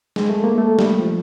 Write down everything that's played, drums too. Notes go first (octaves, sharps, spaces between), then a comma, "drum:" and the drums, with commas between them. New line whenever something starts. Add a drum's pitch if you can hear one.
G#3, drum: snare
A3
A#3
A3
G3, drum: snare
F3